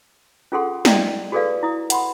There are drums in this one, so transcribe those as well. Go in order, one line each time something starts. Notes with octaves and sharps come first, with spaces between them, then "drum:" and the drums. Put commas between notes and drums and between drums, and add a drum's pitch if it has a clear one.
C#4 F4 G#4 A4 F#5 C6
E4 D5 D#5 G5, drum: snare
F#4 G#4 A4 B4 D5 F5
E4 D#6
F#5 B5 C6, drum: hi-hat